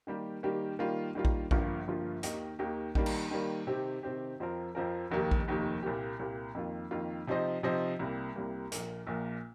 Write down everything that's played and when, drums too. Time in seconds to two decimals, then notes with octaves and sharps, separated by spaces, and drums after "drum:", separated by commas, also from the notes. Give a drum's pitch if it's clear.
0.07 D#3 G3 A#3 G4
0.43 D#3 G3 A#3 G4
0.79 D#3 G3 A#3 F4
1.15 D#3 G3 A#3 F4
1.25 drum: kick A#1
1.51 G1 G2 F3 A#3 F4, drum: kick A#1
1.88 G1 G2 F3 A#3 F4
2.23 D#2 D#3 A#3 G4 D#5, drum: hi-hat
2.59 D#2 D#3 A#3 G4 D#5
2.95 D#3 G3 A#3, drum: kick A#1
3.06 drum: cymbal
3.31 D#3 G3 A#3
3.67 C3 D#3 C4 G4
4.03 C3 D#3 C4 G4
4.40 F2 F3 C4 F4 A#4
4.75 F2 F3 C4 F4 A#4
5.11 F1 D#2 D#3 A#3 G4
5.31 drum: kick A#1
5.48 F1 D#2 D#3 A#3 G4
5.83 C2 A#2 A#3 G4
6.19 C2 A#2 A#3 G4
6.55 F2 D#3 A#3 F4
6.91 F2 D#3 A#3 F4
7.27 C3 F3 D#4 C5 D#5
7.63 C3 F3 D#4 C5 D#5
7.99 C2 C3 G3 A#3
8.36 C2 C3 G3 A#3
8.72 A#1 A#2 A#3, drum: hi-hat
9.07 A#1 A#2 A#3